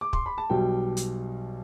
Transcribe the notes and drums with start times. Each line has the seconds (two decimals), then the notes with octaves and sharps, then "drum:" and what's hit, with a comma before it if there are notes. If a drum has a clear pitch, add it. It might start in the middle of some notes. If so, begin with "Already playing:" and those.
0.01 D6
0.13 C6, drum: kick
0.26 B5
0.38 A5
0.50 B1 B2 G3 G5
0.97 drum: hi-hat